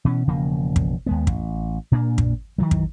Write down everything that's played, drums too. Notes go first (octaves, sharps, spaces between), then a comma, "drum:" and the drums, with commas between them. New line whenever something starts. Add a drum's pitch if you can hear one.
B2 E3 C#4
E1 C#3 F3 A#3
drum: kick
D#2 G#3 B3
A1, drum: kick
A#2 A#3 D4
drum: kick
D#3 E3 F#3
drum: kick